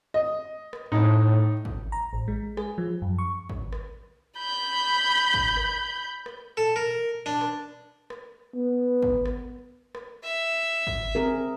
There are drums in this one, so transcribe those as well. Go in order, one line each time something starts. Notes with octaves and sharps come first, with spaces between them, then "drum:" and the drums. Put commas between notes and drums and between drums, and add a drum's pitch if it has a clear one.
D#5
drum: rim click
A2 D#4
drum: kick
A#5
A1
G#3
G#4, drum: rim click
F3
F#2
C#6
drum: kick
drum: rim click
B5 G6
drum: kick
drum: rim click
drum: rim click
A4
A#4
D4
drum: rim click
drum: rim click
B3
drum: kick
drum: rim click
drum: rim click
E5
drum: kick
C4 G#4 A#4